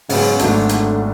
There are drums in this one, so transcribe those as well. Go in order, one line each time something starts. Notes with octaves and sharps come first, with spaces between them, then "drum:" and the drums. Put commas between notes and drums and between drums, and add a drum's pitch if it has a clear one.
G#2 C#3 F#3 B3, drum: open hi-hat
G#1 G#2 D3 F#3 A3 D4, drum: hi-hat
drum: hi-hat